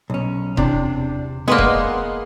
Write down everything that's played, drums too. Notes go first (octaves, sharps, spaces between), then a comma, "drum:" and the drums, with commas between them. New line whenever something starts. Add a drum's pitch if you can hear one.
B1 C#4
E2 C3 D4, drum: kick E1
G#3 A#3 B3 B4 D5 D#5 F#5 C6
drum: kick E1